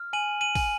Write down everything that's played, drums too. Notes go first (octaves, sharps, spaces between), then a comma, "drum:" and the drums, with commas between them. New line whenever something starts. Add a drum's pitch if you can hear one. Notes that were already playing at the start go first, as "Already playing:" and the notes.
Already playing: F6
G#5 D#7 F#7
D#7 F#7
G#5, drum: kick, open hi-hat